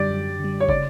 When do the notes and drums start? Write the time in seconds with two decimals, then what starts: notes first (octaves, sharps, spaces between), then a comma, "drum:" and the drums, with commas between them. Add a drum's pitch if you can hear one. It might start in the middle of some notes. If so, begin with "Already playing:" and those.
Already playing: F#2 D3 G3 G4 D5
0.10 F#2
0.39 D3
0.44 G3
0.60 C#5
0.69 C#3 D5, drum: kick